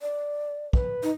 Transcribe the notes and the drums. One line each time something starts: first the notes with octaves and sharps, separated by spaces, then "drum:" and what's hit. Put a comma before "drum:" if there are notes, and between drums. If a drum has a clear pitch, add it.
D5
B4, drum: kick
D#4